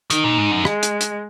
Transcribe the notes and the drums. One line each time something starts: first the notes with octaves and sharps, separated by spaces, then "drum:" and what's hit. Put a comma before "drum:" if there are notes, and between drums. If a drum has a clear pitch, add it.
D#3 D#4, drum: hi-hat
A#2
G#2
F#2
G#3, drum: rim click
drum: hi-hat
drum: hi-hat